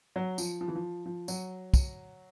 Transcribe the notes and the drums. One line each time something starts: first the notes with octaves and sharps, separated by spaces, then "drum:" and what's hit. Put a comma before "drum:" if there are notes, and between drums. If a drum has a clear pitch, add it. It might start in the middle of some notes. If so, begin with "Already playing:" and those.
F#3
F3, drum: tambourine
F3
E3
F3
F3
F#3, drum: tambourine
drum: kick, tambourine